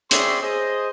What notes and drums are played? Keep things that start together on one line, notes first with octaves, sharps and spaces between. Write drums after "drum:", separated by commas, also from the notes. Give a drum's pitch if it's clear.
C4 G#4 C#5 D5 E5 C6, drum: hi-hat
G#4 C5 D#5